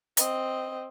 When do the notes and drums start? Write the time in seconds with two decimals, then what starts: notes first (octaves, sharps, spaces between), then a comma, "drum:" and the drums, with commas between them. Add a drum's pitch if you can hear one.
0.17 C4 D#5, drum: hi-hat